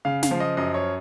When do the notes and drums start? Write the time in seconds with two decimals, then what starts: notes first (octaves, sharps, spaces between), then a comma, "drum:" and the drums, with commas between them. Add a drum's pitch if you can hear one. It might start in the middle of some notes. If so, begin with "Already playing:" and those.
0.05 C#3 F5
0.23 F5, drum: snare
0.31 F3
0.40 D#5
0.57 F#2 D#5
0.74 C#5